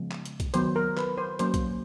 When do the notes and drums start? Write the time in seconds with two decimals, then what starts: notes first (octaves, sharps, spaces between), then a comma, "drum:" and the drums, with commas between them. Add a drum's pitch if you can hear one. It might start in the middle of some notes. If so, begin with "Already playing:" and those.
Already playing: C#3 F3 G#3 B3
0.11 drum: clap
0.25 drum: hi-hat
0.40 drum: kick, hi-hat
0.54 D#3 F#3 B3 C5, drum: hi-hat
0.76 A#4
0.97 B4, drum: clap
1.18 C5
1.39 F#3 A#3 C#4 C5, drum: hi-hat
1.54 drum: kick, hi-hat